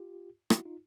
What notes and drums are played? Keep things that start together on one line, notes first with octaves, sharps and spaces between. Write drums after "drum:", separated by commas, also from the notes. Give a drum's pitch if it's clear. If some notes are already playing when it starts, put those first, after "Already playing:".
Already playing: F4 G4
E4 F#4, drum: rim click
D#4 F4